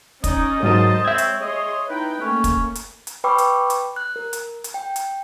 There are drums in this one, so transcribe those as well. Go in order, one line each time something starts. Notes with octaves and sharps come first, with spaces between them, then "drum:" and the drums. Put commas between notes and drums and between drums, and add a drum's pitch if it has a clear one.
C#4 D#4 D5 D#5, drum: kick, hi-hat
G#2 F#3 A#4 C5 A5 D#6
G#3 C4 C#5 E5 G#6
drum: hi-hat
G#4 C#5 D#5 C6
D#4 E4 B4 G5
A3 A#3 C#4
drum: kick, hi-hat
drum: hi-hat
drum: hi-hat
B4 G5 B5 C#6 D6 E6
drum: hi-hat
drum: hi-hat
F#6
A#4
drum: hi-hat
drum: hi-hat
G5
drum: hi-hat